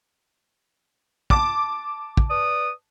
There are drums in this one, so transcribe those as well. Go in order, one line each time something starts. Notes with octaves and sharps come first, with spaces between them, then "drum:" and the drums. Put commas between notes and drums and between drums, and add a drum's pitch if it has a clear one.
A5 D6, drum: kick
drum: kick
B4 D5 D#6